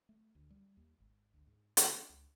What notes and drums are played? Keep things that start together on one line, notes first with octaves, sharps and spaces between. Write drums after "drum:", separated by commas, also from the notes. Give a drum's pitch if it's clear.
A3
D2
G3
D#2
G#1
D2
G#2
D3, drum: hi-hat
D4
C#2